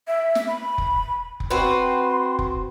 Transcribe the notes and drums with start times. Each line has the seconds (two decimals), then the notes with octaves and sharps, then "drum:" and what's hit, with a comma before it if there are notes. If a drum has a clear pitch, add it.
0.08 E5
0.35 drum: snare
0.48 B5
0.78 drum: kick F1
1.40 drum: kick F1
1.50 C4 F#4 B4 C6
2.39 drum: kick F1